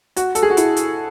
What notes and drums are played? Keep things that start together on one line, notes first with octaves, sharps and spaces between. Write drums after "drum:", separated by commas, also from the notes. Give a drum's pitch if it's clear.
F#4, drum: hi-hat
A4, drum: hi-hat
G#4
F#4
E4, drum: hi-hat
drum: hi-hat